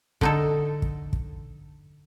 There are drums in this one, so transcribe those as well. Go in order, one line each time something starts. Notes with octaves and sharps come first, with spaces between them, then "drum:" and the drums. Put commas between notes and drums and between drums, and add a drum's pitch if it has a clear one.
D3 D#4 A4, drum: kick
drum: kick
drum: kick